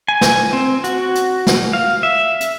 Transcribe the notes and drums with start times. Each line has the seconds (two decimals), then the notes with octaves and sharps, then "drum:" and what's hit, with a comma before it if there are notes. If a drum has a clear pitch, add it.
0.08 G#5
0.21 drum: snare
0.53 C4
0.84 F#4, drum: hi-hat
1.15 drum: hi-hat
1.47 drum: snare
1.73 F5
2.03 E5
2.40 drum: hi-hat